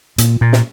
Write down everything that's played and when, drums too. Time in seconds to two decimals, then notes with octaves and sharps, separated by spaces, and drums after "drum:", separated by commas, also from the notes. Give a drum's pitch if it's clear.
0.18 A#2, drum: hi-hat
0.41 A#2
0.53 drum: snare